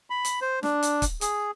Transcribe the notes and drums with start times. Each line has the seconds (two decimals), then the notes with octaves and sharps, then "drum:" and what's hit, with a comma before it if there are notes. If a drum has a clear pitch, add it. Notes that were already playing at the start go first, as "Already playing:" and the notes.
0.10 B5
0.25 drum: hi-hat
0.42 C5
0.63 D4, drum: snare
0.83 drum: hi-hat
1.02 drum: kick, hi-hat
1.21 G#4, drum: hi-hat